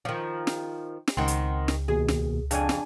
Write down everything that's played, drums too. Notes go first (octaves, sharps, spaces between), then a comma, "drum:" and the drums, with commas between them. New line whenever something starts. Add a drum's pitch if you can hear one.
D#3 F3
drum: snare
drum: snare
C#2 D#3 C4 F#5 C6
drum: hi-hat
drum: snare
D#2 B2 G#4
drum: snare
F2 C#3 D4 G#5, drum: hi-hat
drum: snare